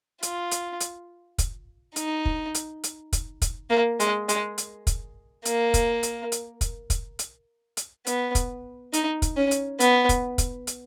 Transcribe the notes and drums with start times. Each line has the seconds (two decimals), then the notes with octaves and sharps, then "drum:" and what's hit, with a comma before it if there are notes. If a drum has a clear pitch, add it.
0.23 F4, drum: hi-hat
0.51 drum: hi-hat
0.80 drum: hi-hat
1.38 drum: kick, hi-hat
1.96 D#4, drum: hi-hat
2.25 drum: kick
2.54 drum: hi-hat
2.84 drum: hi-hat
3.13 drum: kick, hi-hat
3.42 drum: kick, hi-hat
3.70 A#3
4.00 G#3, drum: hi-hat
4.29 G#3, drum: hi-hat
4.58 drum: hi-hat
4.87 drum: kick, hi-hat
5.45 A#3, drum: hi-hat
5.74 drum: kick, hi-hat
6.03 drum: hi-hat
6.32 drum: hi-hat
6.61 drum: kick, hi-hat
6.90 drum: kick, hi-hat
7.19 drum: hi-hat
7.77 drum: hi-hat
8.07 B3, drum: hi-hat
8.35 drum: kick, hi-hat
8.93 D#4, drum: hi-hat
9.22 drum: kick, hi-hat
9.37 C#4
9.51 drum: hi-hat
9.80 B3, drum: hi-hat
10.09 drum: kick, hi-hat
10.38 drum: kick, hi-hat
10.67 drum: hi-hat